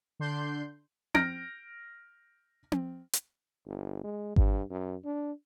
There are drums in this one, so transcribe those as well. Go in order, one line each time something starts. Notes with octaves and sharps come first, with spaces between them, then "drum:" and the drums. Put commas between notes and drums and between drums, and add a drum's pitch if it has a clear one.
D3 D4 C6 G6
F6 G6 A#6 D7, drum: tom C4
drum: tom C4
drum: hi-hat
G1
G#3
G2, drum: kick G#1
F#2
D4